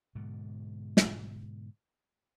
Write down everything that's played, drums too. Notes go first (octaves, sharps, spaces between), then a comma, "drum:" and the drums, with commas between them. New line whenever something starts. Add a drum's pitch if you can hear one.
G#2 B2 D3
drum: snare